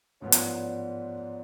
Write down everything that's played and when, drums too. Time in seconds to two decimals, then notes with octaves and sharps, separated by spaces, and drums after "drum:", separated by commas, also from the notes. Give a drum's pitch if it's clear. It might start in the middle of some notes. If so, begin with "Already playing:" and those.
0.21 A1 G#2 F3 B3 C#5
0.32 D5, drum: hi-hat
0.44 C#5
0.55 D5